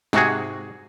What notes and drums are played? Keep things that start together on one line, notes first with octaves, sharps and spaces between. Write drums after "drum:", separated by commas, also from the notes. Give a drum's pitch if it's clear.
G#2 C3 F#4 G#4, drum: snare